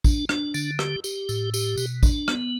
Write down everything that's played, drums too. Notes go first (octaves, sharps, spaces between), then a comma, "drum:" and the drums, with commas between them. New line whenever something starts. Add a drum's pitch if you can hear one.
D4, drum: kick, tambourine
D4, drum: rim click
D3, drum: tambourine
G4, drum: rim click
G4, drum: tambourine
A2, drum: tambourine
G4, drum: tambourine
B2, drum: tambourine
D4, drum: kick, tambourine
B3, drum: rim click